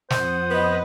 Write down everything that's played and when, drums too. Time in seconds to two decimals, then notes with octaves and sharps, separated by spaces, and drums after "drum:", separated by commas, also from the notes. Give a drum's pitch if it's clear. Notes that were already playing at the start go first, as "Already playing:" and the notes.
0.10 F2 C5 F#5 D#6, drum: snare
0.50 B3 B4 D#5